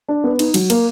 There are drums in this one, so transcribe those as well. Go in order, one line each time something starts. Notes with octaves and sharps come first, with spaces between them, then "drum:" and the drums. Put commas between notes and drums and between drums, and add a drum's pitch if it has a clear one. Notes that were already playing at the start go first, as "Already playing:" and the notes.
D4
B3
D#4, drum: cymbal
F#3, drum: cymbal
A#3, drum: cymbal